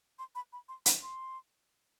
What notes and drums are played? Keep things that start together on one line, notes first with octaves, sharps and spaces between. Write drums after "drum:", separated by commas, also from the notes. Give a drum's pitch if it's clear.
C6
B5
B5
C6
B5, drum: hi-hat
C6